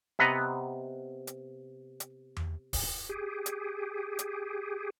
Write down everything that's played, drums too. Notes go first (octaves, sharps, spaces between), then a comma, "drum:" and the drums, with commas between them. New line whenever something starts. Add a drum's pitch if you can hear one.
C3 B3 B4 D#5 F#5 A#5
drum: hi-hat
drum: hi-hat
drum: tom E2
drum: kick, open hi-hat
G4 G#4
drum: hi-hat
drum: hi-hat